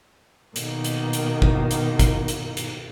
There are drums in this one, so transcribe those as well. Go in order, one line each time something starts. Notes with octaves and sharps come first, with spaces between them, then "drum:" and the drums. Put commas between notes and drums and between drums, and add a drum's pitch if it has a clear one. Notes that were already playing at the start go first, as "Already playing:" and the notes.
B2 D#3 A#3, drum: hi-hat
drum: hi-hat
drum: hi-hat
drum: kick
drum: hi-hat
drum: kick, hi-hat
drum: hi-hat
drum: hi-hat